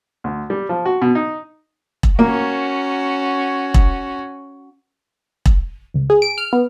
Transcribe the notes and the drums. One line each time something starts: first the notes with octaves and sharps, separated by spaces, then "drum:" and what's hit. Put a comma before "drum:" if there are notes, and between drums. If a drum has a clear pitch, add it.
D2
G3
F3
F#4
B2
D#4
drum: kick E1
A#3 C#4 F#4
drum: kick E1
drum: kick E1
C#2
G#4
D7
F6
B3